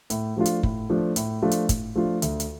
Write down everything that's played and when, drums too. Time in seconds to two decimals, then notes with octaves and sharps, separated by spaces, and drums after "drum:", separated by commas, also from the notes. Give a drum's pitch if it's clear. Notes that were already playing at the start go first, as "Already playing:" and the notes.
0.10 A2, drum: hi-hat
0.36 F3 A3 D4 F4
0.46 drum: hi-hat
0.63 A2, drum: kick
0.90 F3 A3 D4 F4
1.16 A2, drum: hi-hat
1.42 F3 A3 D4 F4
1.51 drum: hi-hat
1.69 A2, drum: kick, hi-hat
1.95 F3 A3 D4 F4
2.22 D2, drum: hi-hat
2.40 drum: hi-hat